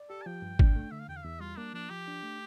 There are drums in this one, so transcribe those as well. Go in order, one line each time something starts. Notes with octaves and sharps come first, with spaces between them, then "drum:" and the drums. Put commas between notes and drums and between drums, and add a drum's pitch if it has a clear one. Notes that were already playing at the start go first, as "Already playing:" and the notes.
Already playing: D5
G4 A4
A5
F3 G5
G2
D4, drum: kick G#1
A3
D3 E5
F5
E2 G5
F5
E2 E5
G3 F4
A#3 D4
F3 D4
F3 G4
D4
A3